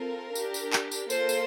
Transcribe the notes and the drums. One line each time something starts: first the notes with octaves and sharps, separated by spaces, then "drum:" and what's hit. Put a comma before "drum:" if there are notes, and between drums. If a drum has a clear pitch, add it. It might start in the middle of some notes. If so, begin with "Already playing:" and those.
Already playing: C4 F4 A4 A#4
D4 G4, drum: tambourine
drum: tambourine
drum: clap
drum: tambourine
A#3 F4 A4 C5, drum: tambourine
drum: tambourine